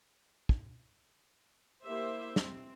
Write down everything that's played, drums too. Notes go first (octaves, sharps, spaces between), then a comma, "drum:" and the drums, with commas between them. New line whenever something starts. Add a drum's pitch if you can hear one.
drum: kick
A#3 E4 G4 C5 E5
C4, drum: snare